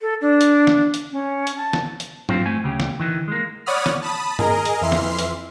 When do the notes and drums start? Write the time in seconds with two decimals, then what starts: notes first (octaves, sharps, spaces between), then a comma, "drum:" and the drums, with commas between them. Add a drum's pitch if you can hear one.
0.01 A4
0.21 D4
0.41 drum: hi-hat
0.67 drum: snare
0.94 drum: hi-hat
1.12 C#4
1.47 drum: hi-hat
1.57 A5
1.73 drum: snare
2.00 drum: hi-hat
2.29 F#3 C4 F4 C5, drum: tom
2.46 A3 G#5
2.64 D2 C#3 G4
2.80 drum: snare
3.00 D#3 E3
3.28 G#3 A#3
3.66 C#5 D5 F#5 B5 D#6 F6
3.86 drum: snare
4.02 A5 B5 D#6
4.39 G#4 A#4 D#5 A#5, drum: tom
4.65 drum: hi-hat
4.81 F2 E3 E5 C6 F6 C7
4.92 drum: snare
5.19 drum: hi-hat